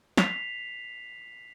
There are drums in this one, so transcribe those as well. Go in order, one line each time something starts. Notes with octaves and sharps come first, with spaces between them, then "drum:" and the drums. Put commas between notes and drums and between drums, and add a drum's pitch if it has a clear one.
B6 C7 F7, drum: snare